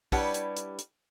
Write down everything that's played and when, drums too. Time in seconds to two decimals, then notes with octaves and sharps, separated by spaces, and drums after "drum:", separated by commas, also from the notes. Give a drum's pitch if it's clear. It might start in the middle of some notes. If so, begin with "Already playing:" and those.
0.12 G3 D4 E4 B4 C#5 F#5, drum: kick, open hi-hat
0.34 drum: hi-hat
0.57 drum: hi-hat
0.79 drum: hi-hat